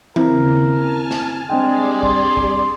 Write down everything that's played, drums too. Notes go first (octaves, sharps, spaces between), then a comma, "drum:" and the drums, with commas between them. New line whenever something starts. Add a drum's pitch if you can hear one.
D#2 C#3 C4 E4 A#4, drum: tom E3
G#5 A5 F6
drum: snare
G3 G#3 C4 D4 G#4 D5 G5
C6, drum: kick
drum: kick